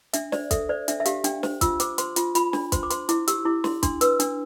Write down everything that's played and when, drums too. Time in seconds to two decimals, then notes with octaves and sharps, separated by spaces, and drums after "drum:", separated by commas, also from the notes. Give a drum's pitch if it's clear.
0.13 D4 E5, drum: hi-hat
0.32 C5 D5, drum: snare
0.51 A4 E5, drum: kick, hi-hat
0.69 C5 D5
0.88 D4 E5, drum: hi-hat
1.00 E5
1.05 G4 F5, drum: hi-hat
1.24 D4 G5, drum: hi-hat
1.43 C5, drum: snare
1.61 F4 E6, drum: kick, hi-hat
1.80 C5 D6, drum: hi-hat
1.98 C5 C6, drum: hi-hat
2.16 F4, drum: hi-hat
2.35 F4 B5, drum: hi-hat
2.53 D4, drum: snare
2.72 C5 C6, drum: kick, hi-hat
2.83 D6
2.90 C5 C6, drum: hi-hat
3.09 E4 D6, drum: hi-hat
3.28 G4 E6, drum: hi-hat
3.45 E4 D6
3.64 E4 C6, drum: snare
3.83 D4 C6, drum: kick, hi-hat
4.01 B4 E6, drum: hi-hat
4.20 D4, drum: hi-hat